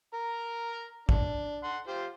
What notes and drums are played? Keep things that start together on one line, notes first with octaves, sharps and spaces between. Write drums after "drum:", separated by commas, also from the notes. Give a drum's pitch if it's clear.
A#4 A#5
D4, drum: kick
F#5 C6
F4 G4 C5